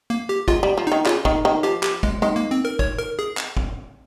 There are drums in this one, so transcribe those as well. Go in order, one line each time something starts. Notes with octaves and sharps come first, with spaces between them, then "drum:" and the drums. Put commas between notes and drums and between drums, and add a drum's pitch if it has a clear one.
A#3
G4
G#3 F4, drum: kick
G3
F3
D#3 D#4
C#3 F4, drum: clap
D#3, drum: kick
D#3
F3 G4
G4, drum: clap
G#3, drum: kick
D#3 G#3
A#3
C4
A#4
C#5, drum: kick
A#4
G#4
drum: clap
drum: kick